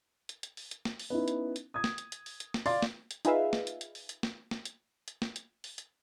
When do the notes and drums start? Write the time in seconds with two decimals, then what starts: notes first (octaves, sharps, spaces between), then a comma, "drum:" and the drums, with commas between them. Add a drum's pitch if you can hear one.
0.29 drum: hi-hat
0.43 drum: hi-hat
0.57 drum: open hi-hat
0.71 drum: hi-hat
0.85 drum: snare
1.00 drum: open hi-hat
1.10 B3 C#4 D#4 E4
1.28 drum: hi-hat
1.56 drum: hi-hat
1.74 D#6 G#6
1.84 drum: snare
1.98 drum: hi-hat
2.12 drum: hi-hat
2.26 drum: open hi-hat
2.40 drum: hi-hat
2.54 drum: snare
2.66 D5 F5 C6 A6, drum: open hi-hat
2.82 drum: snare
3.11 drum: hi-hat
3.25 D#4 F4 G#4 B4 E5 F5, drum: hi-hat
3.53 drum: snare
3.67 drum: hi-hat
3.81 drum: hi-hat
3.95 drum: open hi-hat
4.09 drum: hi-hat
4.23 drum: snare
4.51 drum: snare
4.65 drum: hi-hat
5.08 drum: hi-hat
5.22 drum: snare
5.36 drum: hi-hat
5.64 drum: open hi-hat
5.78 drum: hi-hat